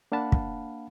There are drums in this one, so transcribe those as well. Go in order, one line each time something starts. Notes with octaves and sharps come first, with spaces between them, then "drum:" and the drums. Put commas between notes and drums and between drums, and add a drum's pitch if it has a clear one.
A#3 D4 F5 F#5 A5 B5
drum: kick